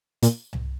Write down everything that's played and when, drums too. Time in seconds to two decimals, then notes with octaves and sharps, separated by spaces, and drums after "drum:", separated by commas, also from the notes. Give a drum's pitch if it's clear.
0.22 A#2, drum: hi-hat
0.53 drum: tom C2